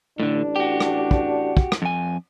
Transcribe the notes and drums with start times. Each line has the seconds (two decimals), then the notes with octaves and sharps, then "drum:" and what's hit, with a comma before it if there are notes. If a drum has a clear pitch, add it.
0.20 A1 A2 D3 D4
0.56 F#4 G4
0.80 drum: rim click
1.11 drum: kick
1.57 drum: kick
1.72 drum: rim click
1.82 F2 G#5